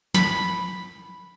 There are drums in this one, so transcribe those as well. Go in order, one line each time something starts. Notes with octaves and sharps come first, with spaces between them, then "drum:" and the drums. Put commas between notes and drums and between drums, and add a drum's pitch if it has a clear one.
B5, drum: snare